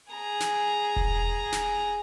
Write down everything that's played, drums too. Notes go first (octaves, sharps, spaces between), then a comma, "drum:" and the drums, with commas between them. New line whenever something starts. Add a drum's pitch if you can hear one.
G#4 A#5
drum: snare
drum: kick E1
drum: snare